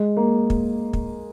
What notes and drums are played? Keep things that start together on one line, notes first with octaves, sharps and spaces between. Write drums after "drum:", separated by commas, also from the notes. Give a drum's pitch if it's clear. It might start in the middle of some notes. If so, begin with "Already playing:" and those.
Already playing: G#3
A#3
drum: kick
drum: kick